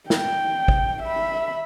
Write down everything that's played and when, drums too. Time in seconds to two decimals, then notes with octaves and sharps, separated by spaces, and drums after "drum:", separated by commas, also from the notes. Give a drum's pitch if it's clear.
0.10 G5, drum: snare
0.68 drum: kick
1.03 E5 B5